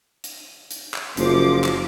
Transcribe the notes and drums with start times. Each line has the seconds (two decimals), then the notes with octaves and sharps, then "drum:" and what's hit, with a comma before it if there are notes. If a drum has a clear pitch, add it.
0.24 drum: hi-hat
0.71 drum: hi-hat
0.94 drum: clap
1.17 F#1 F3 D6, drum: hi-hat
1.64 drum: clap